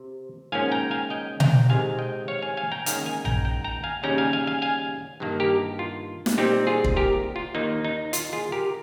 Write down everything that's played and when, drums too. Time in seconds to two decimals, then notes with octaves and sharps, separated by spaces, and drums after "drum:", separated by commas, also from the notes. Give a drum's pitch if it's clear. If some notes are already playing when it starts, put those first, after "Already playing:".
Already playing: C3
0.52 G#2 F3 A#3 C#4 F5 G#5
0.72 G5 A#5
0.91 F5 G#5
1.10 D#5 G5
1.40 G5 A#5, drum: tom B2
1.69 C2 C3 D#3 G#3 F5 G#5
1.99 D#5 G5
2.28 C#5 F5
2.42 F5 G#5
2.57 F5 G#5
2.72 G5 A#5
2.86 G#2 D#3 A#3 C#4 F5 G#5, drum: hi-hat
3.06 F5 G#5
3.25 G5 A#5, drum: tom A#1
3.45 G5 A#5
3.64 G5 A#5
3.84 F5 G#5
4.03 D#2 C#3 G3 C#4 G5 A#5
4.18 F5 G#5
4.33 F5 G#5
4.47 F5 G#5
4.62 F5 G#5
5.20 G2 D#3 A#3
5.40 G4 A#4
5.79 F4
6.26 drum: snare
6.38 A#2 G3 C4 D#4 G4
6.67 F4 G#4
6.84 drum: kick
6.96 G4 A#4
7.36 F4
7.55 D#2 D#3 A#3 D#4
7.85 D#4
8.13 F4, drum: hi-hat
8.33 F4 G#4
8.52 G4 A#4